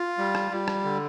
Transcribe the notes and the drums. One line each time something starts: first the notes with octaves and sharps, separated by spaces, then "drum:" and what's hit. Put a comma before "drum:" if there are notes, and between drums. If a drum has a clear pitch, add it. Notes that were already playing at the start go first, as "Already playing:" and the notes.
Already playing: F4
G3
drum: rim click
G3
drum: rim click
D3